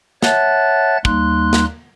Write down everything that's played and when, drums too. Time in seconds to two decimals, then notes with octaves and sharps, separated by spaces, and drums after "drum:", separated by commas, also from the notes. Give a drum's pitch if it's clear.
0.23 C#5 E5 F#5 A5 F#6 A6, drum: snare
1.05 D#2 G3 A#3 D#4 C6 F#6, drum: kick
1.53 drum: snare